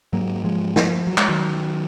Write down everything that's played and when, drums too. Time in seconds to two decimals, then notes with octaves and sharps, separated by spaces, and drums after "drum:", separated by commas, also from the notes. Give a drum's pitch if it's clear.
0.13 G#2 F#3 A#3
0.44 F3 G#3
0.76 F3, drum: snare
1.07 F#3
1.18 G#3, drum: clap
1.28 D#3 F#3